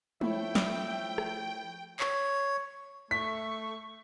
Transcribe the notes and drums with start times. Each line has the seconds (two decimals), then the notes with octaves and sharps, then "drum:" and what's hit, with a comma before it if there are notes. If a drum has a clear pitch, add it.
0.21 F3 A3 E4 C#5 E5 G5, drum: tom
0.55 drum: snare
1.18 drum: rim click
2.00 C#5, drum: clap
3.11 A3 C#6 B6